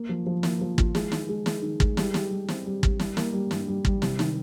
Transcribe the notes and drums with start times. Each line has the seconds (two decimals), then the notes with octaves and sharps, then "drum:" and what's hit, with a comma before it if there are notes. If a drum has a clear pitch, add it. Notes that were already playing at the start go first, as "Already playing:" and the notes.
Already playing: A#3
0.09 F3
0.26 F3
0.43 A#3, drum: snare
0.61 F3
0.78 F4, drum: kick
0.95 G#3, drum: snare
1.12 D#3, drum: snare
1.29 G#3
1.46 G#3, drum: snare
1.63 D#3
1.80 G#3, drum: kick
1.97 G3, drum: snare
2.14 G4, drum: snare
2.31 G3
2.48 C4, drum: snare
2.66 G3
2.83 G3, drum: kick
2.99 G3, drum: snare
3.17 A#3, drum: snare
3.33 G3
3.51 G2, drum: snare
3.68 G3
3.85 G3, drum: kick
4.02 C3, drum: snare
4.19 D#3, drum: snare